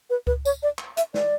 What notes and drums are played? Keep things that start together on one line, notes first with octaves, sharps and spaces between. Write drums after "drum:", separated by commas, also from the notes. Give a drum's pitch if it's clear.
B4
B4, drum: kick C#2
C#5, drum: tambourine
D5
drum: clap
E5, drum: hi-hat
D5, drum: snare